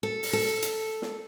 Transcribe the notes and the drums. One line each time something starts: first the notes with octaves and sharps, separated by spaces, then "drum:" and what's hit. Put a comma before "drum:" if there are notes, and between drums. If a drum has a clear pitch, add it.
A4
drum: open hi-hat
A4
drum: hi-hat
drum: snare